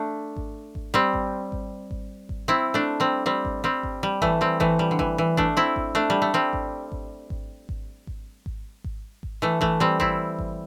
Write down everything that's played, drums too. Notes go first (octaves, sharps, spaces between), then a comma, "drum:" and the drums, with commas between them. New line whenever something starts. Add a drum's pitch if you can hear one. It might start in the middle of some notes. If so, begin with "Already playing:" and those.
Already playing: A3 D4
drum: kick G#1
drum: kick G#1
G3 C4
drum: kick G#1
drum: kick G#1
drum: kick G#1
drum: kick G#1
C4 E4
A3 D4
G3 C4
G3 C4
drum: kick G#1
G3 C4
drum: kick G#1
G3
E3 A3, drum: kick G#1
G3 C4
E3 A3, drum: kick G#1
G3
D3
E3, drum: kick G#1
E3
A3 D4, drum: kick G#1
C4 E4
drum: kick G#1
A3 D4
G3
A3
G3 C4
drum: kick G#1
drum: kick G#1
drum: kick G#1
drum: kick G#1
drum: kick G#1
drum: kick G#1
drum: kick G#1
drum: kick G#1
E3 A3
E3 A3, drum: kick G#1
G3 C4
C4 E4, drum: kick G#1
drum: kick G#1